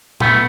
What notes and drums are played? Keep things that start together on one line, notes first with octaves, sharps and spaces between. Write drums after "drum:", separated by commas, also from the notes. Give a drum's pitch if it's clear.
A3 B3, drum: tom A#2